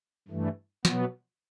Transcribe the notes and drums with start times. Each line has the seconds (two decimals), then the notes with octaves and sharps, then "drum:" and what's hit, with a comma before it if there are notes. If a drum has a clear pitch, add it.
0.28 G2 E3 A3
0.85 B2 F#3 B3, drum: snare